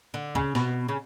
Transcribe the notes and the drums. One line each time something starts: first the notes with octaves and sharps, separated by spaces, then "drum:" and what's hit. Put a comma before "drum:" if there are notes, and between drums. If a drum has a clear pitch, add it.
D3
C#3, drum: kick C#2
B2, drum: snare
C#3